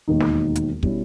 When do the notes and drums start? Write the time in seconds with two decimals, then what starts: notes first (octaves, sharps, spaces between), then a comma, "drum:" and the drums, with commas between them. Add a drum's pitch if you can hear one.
0.08 E1 D#2 D#3 A#3 D#4
0.20 drum: snare
0.55 drum: hi-hat
0.83 B2 G3 C#4 E4, drum: kick